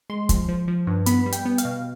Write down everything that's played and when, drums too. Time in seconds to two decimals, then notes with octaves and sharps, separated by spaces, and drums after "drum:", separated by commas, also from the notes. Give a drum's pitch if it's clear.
0.10 G#3 C6
0.29 F3, drum: kick, hi-hat
0.48 F3
0.68 F3
0.87 G2
1.06 B3 B5, drum: hi-hat
1.26 G3
1.32 G5, drum: hi-hat
1.45 B3
1.58 F5, drum: hi-hat
1.65 B2